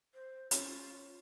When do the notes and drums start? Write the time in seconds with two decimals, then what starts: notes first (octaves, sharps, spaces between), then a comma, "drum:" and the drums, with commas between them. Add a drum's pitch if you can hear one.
0.14 C5
0.51 C#4 F4, drum: hi-hat